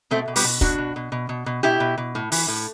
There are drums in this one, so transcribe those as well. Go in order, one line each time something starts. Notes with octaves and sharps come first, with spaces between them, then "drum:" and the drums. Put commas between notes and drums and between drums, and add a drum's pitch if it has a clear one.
B2 A3 C4
B2
G3 B3, drum: open hi-hat
B2
B2 D4 F#4, drum: kick
B2
B2
B2
B2
B2
B2 E4 G4
B2
B2
A2
E3, drum: open hi-hat
A2